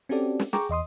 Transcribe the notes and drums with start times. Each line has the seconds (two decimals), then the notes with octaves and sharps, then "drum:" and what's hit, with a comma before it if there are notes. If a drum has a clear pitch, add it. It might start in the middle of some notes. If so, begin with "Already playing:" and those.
0.09 C4 C#4 F#4 G4 A4 D5
0.40 drum: snare
0.53 G#4 G5 A#5 C#6 D6, drum: snare
0.69 E2 D#5 C6 D#6